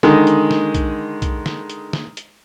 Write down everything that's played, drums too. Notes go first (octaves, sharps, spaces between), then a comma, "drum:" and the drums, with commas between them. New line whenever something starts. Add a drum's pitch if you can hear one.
D3 D#3 G#3, drum: snare
drum: hi-hat
drum: snare
drum: kick, hi-hat
drum: kick, hi-hat
drum: snare
drum: hi-hat
drum: snare
drum: hi-hat